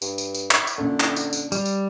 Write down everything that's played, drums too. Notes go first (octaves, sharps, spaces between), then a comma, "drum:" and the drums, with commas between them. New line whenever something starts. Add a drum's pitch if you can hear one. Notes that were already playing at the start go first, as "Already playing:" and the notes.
G2, drum: tambourine
drum: tambourine
drum: tambourine
drum: clap
drum: tambourine
F#2 A#2 D3
drum: clap
drum: tambourine
drum: tambourine
G3, drum: tambourine
drum: tambourine